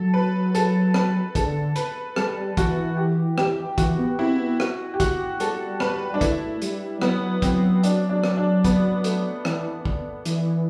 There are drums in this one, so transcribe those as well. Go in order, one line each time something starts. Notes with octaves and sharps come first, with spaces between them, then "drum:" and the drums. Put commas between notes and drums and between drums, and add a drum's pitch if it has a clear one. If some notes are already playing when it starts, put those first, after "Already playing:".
Already playing: F#3 A4
B4
A4, drum: hi-hat
B4, drum: rim click
D3 A4, drum: kick, hi-hat
B4, drum: hi-hat
G3 A4, drum: rim click
E3 F#4, drum: kick, hi-hat
G4
G4, drum: rim click
E3 F#4, drum: kick, hi-hat
B3
C4 E4
B3
F#4, drum: rim click
G4
F#4, drum: kick, hi-hat
G3 A4, drum: hi-hat
B4, drum: rim click
D4
A3 E4, drum: kick, hi-hat
G3, drum: hi-hat
F#3 B3, drum: rim click
F#3 C4, drum: kick, hi-hat
D4, drum: hi-hat
D4
drum: rim click
D4
B3, drum: kick, hi-hat
A3, drum: hi-hat
E3, drum: rim click
drum: kick
E3, drum: hi-hat